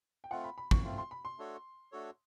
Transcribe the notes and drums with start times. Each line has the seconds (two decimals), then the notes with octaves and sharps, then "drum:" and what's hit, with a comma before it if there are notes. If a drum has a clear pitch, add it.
0.24 G5
0.31 A3 C4 F4 F#5
0.44 B5
0.58 B5
0.71 C#6, drum: kick
0.84 A3 C4 F4
0.98 C6
1.11 B5
1.25 C6
1.38 A3 D4 F#4 A4 C#5
1.92 A3 D4 F#4 A4 C#5